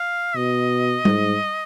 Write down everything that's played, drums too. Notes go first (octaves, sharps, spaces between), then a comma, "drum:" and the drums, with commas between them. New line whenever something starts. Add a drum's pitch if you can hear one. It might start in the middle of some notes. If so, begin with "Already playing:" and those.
Already playing: F5
B2 D#5
G#2, drum: tom G3